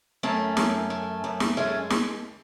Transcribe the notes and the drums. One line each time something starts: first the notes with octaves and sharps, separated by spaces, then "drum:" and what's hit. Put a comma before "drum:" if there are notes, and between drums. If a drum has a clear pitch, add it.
F#2 A3 C#4
F#2, drum: snare
A3
F#2
drum: snare
G#3 A3 C#4
drum: snare